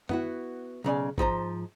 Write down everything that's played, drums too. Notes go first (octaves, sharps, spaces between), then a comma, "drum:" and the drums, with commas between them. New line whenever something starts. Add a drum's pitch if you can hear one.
B3 E4 F#4, drum: tom
B1 C#3 D5 G#5
G#2 F3 C5 A#5, drum: kick